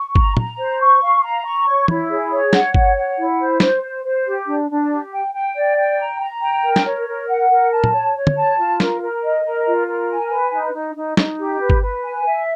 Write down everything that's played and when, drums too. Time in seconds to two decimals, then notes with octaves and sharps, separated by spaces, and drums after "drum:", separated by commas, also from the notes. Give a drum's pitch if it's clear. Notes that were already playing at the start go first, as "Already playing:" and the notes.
Already playing: C#6
0.15 A#5, drum: kick G1
0.37 A#5, drum: tom
0.58 C5
0.80 C#6
1.01 F5
1.23 A#5
1.44 C#6
1.66 C#5
1.88 E4, drum: tom
2.09 G#4
2.31 C#5
2.53 F#5, drum: snare
2.74 C#5, drum: kick G1
2.96 F#5
3.17 E4
3.39 C5
3.60 C5, drum: snare
3.83 C5
4.03 C5
4.26 G4
4.47 D4
4.69 D4
4.90 G4
5.12 G5
5.33 G5
5.55 D5
5.77 G5
5.98 A#5
6.20 A#5
6.41 G5
6.63 A#4
6.76 drum: snare
6.85 C#5
7.06 A#4
7.28 F#5
7.49 A#4
7.72 A5
7.84 drum: tom
7.93 C#5
8.15 C#5
8.27 drum: tom
8.36 A5
8.58 F4
8.80 A#4, drum: snare
9.01 A#4
9.23 D#5
9.44 A#4
9.66 F4
9.87 A#4
10.09 G#5
10.31 B4
10.52 D#4
10.74 D#4
10.95 D#4
11.17 D#4, drum: snare
11.39 G4
11.60 B4
11.70 drum: kick G1
11.82 B4
12.03 G#5
12.26 E5